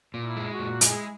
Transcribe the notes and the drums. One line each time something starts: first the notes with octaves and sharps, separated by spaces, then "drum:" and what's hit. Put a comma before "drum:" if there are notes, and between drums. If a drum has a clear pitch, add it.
A#2
E4
G#3
F#4
A#2
G#3 E4 G#4, drum: hi-hat